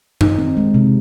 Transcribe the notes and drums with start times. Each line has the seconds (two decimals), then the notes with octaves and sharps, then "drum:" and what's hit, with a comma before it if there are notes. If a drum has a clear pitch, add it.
0.21 D#3 D#4, drum: tom F#2
0.38 C4
0.57 G#3
0.74 C3